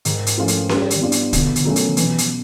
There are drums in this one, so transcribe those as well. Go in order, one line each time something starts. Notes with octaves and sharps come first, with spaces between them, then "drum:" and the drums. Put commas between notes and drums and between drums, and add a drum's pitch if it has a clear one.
G#2 D#3, drum: hi-hat
drum: hi-hat
F3 A3 C#4 F4
drum: hi-hat
G3, drum: snare C#4
drum: hi-hat
B3 D4 F4
drum: hi-hat
B2 D3, drum: kick, hi-hat
D3, drum: hi-hat
D#3 F#3 A3 C#4 F4
drum: hi-hat
B2 E3, drum: hi-hat
drum: hi-hat